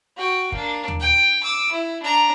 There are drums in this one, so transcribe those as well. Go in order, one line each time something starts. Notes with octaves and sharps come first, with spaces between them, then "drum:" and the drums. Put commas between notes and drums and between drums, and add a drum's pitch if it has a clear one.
F#4 G5
A#3 D4, drum: kick
drum: tom D#2
G5
D6 E6
E4
D4 A#5